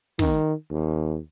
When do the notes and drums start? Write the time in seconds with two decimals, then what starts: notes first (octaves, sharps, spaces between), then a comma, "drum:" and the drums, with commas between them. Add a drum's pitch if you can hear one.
0.19 D#3, drum: snare
0.70 D#2